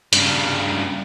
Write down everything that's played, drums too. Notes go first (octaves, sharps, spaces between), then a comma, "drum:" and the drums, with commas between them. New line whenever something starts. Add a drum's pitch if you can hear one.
G2 C#3, drum: hi-hat